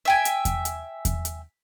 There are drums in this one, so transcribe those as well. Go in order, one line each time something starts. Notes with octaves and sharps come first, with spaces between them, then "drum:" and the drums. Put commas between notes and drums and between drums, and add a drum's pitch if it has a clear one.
E5 G5 G#5
drum: hi-hat
drum: kick E2, hi-hat
drum: hi-hat
drum: kick E2, hi-hat
drum: hi-hat